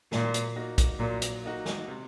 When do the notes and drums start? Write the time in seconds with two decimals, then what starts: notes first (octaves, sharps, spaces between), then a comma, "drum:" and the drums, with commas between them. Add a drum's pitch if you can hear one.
0.12 A#2 F#3, drum: snare
0.34 drum: hi-hat
0.56 A#3 D#4 F#4
0.78 drum: kick A#1, hi-hat
0.99 A#2 F#3
1.22 drum: hi-hat
1.43 A#3 D#4 F#4
1.66 drum: snare
1.88 C3